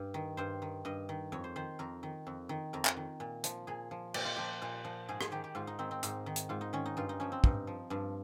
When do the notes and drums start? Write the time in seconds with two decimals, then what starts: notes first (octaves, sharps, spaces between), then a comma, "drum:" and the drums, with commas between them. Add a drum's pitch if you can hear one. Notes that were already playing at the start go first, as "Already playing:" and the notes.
Already playing: G2
0.14 D#3
0.37 G2 C5
0.62 D#3
0.85 G2 D#5
1.09 D#3
1.32 F2 C#5
1.44 C5
1.56 D#3 C5
1.79 F2 A#4
2.03 D#3
2.27 F2
2.49 D#3
2.73 F2 A#4
2.85 drum: clap
2.97 D#3
3.20 A#2
3.44 F3, drum: hi-hat
3.67 A#2 G#4
3.91 F3
4.14 A#2 G4, drum: cymbal
4.25 F4
4.36 F3 G4
4.62 A#2 F4
4.85 F3
5.09 G#2 G#4
5.21 G#4, drum: rim click
5.32 D#3 G4
5.44 G4
5.55 G#2 F4
5.67 D#4
5.79 D#3 C4
5.91 C4
6.03 G#2 D#4, drum: hi-hat
6.26 D#3
6.36 drum: hi-hat
6.49 G#2 F4
6.61 D#4
6.73 D#3 C#4
6.86 D#4
6.97 G2 F4
7.09 D#4
7.20 F3 C#4
7.32 C4
7.44 G2 D#4, drum: kick
7.67 F3
7.90 G2 F3